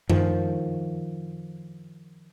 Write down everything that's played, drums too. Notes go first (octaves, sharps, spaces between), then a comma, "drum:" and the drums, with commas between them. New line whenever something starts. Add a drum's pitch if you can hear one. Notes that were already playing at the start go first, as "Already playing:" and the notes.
D#3 F3, drum: tom F#2